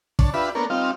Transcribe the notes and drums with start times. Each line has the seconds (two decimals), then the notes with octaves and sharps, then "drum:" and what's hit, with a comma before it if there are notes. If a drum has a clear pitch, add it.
0.19 D4 C#5 A5, drum: kick
0.34 D4 F4 G4 B4 E5 B5
0.55 A#3 B3 D4 A4 A#4 C#5
0.70 G3 C4 D#4 F4 F5